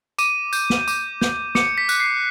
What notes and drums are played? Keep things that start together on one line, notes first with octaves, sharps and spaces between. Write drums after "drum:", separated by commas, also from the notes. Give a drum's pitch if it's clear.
D6 D#7, drum: tambourine
G6, drum: tambourine
drum: snare
D6, drum: tambourine
G6, drum: snare
D6 C#7, drum: snare
B6
F#6, drum: tambourine
C7